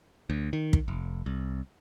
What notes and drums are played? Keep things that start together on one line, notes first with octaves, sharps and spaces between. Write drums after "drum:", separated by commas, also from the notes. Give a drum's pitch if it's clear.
D2
D#3
drum: kick
F1
C2